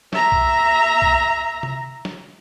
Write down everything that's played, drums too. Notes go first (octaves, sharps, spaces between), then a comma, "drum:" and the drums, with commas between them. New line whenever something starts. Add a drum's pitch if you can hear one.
E5 A#5, drum: snare
drum: kick B1
drum: kick B1
drum: tom C3
drum: snare